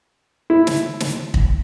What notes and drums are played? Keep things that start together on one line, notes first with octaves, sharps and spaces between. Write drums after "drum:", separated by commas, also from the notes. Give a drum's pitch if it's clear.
E4
drum: snare
drum: snare
drum: kick